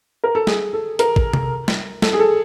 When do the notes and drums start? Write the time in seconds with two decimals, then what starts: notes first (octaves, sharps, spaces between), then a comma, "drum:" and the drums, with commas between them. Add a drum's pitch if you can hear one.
0.24 A#4
0.35 A4
0.47 G#4, drum: snare
0.73 A4
0.99 A#4, drum: hi-hat
1.16 drum: kick
1.34 drum: tom C3
1.68 drum: snare
2.02 A4, drum: snare
2.13 G#4
2.19 A4